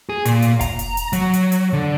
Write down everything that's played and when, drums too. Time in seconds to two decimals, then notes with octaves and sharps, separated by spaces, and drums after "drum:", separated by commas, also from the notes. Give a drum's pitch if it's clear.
0.09 G#4
0.25 A#2, drum: hi-hat
0.42 drum: hi-hat
0.61 A#5, drum: kick F1, hi-hat
0.79 drum: hi-hat
0.97 drum: hi-hat
1.13 F#3, drum: hi-hat
1.34 drum: hi-hat
1.52 drum: hi-hat
1.73 D3